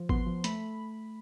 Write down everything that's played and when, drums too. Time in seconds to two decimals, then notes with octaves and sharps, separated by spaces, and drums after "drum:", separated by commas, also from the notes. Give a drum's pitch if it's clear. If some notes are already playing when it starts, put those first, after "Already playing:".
Already playing: F3
0.09 B3 C6, drum: kick G#1
0.27 F3
0.44 A3 B5, drum: hi-hat